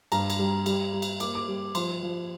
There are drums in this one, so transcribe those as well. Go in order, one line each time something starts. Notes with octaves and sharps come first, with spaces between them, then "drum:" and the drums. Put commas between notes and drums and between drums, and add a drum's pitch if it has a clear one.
G2 A#5, drum: cymbal
drum: cymbal
G3
G3, drum: cymbal
G3
drum: cymbal
A#3 D6, drum: cymbal
D6
G3
F3 C6, drum: cymbal
F3